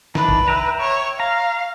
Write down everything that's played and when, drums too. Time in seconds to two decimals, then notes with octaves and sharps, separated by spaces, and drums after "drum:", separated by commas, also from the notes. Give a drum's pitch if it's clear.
0.15 D#3 E3 D4 B4, drum: snare
0.28 drum: kick B1
0.48 E5 G5 A#5
0.80 C#5
1.20 F5 A#5